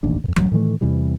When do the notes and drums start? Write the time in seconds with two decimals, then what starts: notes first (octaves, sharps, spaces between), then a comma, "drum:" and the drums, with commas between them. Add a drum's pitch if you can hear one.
0.03 E1 A1 D#2 D4
0.24 F2 A#2
0.36 D1 A1 F#2 F#3, drum: tom F#3
0.52 A2 D#3 E3 A3
0.81 E2 C3 E3 G3